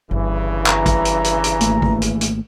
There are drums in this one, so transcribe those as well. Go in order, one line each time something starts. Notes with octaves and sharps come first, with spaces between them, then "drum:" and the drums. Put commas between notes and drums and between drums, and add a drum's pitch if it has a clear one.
G1 G2 C#3 E3
A#5, drum: clap
drum: kick A1, hi-hat
drum: hi-hat
drum: hi-hat
drum: hi-hat
G#1 A3 A#3, drum: hi-hat
drum: kick A1
drum: hi-hat
drum: hi-hat